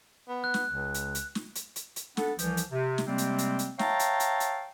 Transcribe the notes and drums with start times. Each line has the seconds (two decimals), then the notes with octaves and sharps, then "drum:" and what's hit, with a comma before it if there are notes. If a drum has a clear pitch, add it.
0.28 B3
0.44 F#6
0.54 drum: snare
0.71 C#2
0.95 drum: hi-hat
1.15 drum: hi-hat
1.35 drum: snare
1.56 drum: hi-hat
1.76 drum: hi-hat
1.96 drum: hi-hat
2.17 B3 D4 A4, drum: snare
2.39 C2 E3 F3, drum: hi-hat
2.57 drum: hi-hat
2.72 C3
2.98 drum: snare
3.08 C3 G3 G#3 A#3 C4
3.18 drum: hi-hat
3.39 drum: hi-hat
3.59 drum: hi-hat
3.79 C#5 E5 F5 G5 A5 A#5, drum: snare
4.00 drum: hi-hat
4.20 drum: hi-hat
4.40 drum: hi-hat